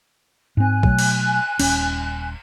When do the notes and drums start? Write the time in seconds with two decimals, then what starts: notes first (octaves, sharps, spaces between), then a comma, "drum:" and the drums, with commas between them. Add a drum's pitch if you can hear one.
0.57 G#2 C4 G#5 F#6
0.83 B2 F#3 A3, drum: kick A#1
0.99 drum: cymbal
1.60 D#1 C#4, drum: cymbal